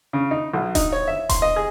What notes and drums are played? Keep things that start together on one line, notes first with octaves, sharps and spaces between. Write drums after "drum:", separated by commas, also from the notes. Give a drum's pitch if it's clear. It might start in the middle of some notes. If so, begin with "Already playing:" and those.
C#3
D#4
B1
D#4, drum: kick D#1, hi-hat
C#5
E5
C6, drum: kick D#1, hi-hat
D#5
G#4